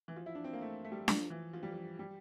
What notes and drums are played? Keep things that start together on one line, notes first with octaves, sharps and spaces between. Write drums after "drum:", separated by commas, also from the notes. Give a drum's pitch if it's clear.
E3
F3
E4
D4
C4
A#3
A3
A3
G3
F3, drum: snare D4
E3
F3
G3
F3
G3